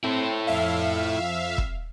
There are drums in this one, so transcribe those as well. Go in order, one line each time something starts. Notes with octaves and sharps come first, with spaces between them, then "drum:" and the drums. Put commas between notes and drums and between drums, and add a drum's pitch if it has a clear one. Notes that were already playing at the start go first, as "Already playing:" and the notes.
C4 E4 A4
F2 E5 F5
drum: kick